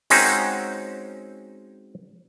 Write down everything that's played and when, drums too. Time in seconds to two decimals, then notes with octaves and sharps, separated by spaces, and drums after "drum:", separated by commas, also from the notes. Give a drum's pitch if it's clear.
0.10 G#3 C4 C#4 D#4 F#4, drum: open hi-hat